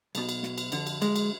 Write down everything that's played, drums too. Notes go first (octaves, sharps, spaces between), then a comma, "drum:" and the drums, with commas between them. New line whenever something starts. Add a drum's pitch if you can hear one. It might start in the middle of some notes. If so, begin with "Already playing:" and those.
B1 B2, drum: cymbal
drum: cymbal
drum: snare
drum: cymbal
F2 D3, drum: cymbal
drum: cymbal
G#3, drum: cymbal
drum: cymbal